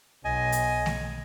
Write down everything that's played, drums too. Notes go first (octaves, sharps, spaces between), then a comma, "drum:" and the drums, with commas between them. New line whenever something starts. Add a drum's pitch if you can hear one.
B1 D#5 G#5
drum: hi-hat
drum: snare A3